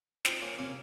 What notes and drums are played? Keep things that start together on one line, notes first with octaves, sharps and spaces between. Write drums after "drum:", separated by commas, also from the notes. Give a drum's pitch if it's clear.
C4 D#4 F4, drum: snare
A#3 C#4
C3 A#3 C#4